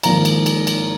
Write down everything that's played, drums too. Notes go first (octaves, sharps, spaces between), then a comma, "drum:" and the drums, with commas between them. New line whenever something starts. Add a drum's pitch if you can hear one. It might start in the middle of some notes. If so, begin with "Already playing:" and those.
G#1 G#2 F3 A#3 A#5, drum: cymbal
drum: cymbal
drum: cymbal
drum: cymbal